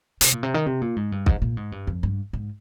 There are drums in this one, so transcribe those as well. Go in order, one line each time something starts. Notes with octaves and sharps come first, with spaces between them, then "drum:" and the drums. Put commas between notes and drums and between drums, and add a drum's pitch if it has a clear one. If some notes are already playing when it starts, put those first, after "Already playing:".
C3, drum: hi-hat
A#2
C3
D#3
C3
A#2
G#2
G2
G#2, drum: kick
A#2
G#2
G2
F2
G2
G#2